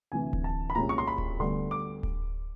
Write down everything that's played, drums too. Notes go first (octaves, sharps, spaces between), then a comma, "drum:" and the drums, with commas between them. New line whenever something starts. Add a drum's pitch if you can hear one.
D2 C3 E3 G#5
drum: kick D1
A5
B5
C2 A#2 F3 G#3 C#4 A#5
C#6
C6
B5
drum: kick D1
D2 D3 G3 B3 C6
D6
drum: kick D1